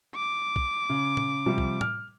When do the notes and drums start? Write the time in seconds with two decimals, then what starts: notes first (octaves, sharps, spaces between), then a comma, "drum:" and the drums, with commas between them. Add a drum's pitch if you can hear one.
0.15 D6
0.56 drum: kick
0.89 C#3
1.17 drum: tom
1.46 C3 F3 G3
1.58 drum: kick
1.81 F6, drum: tom A2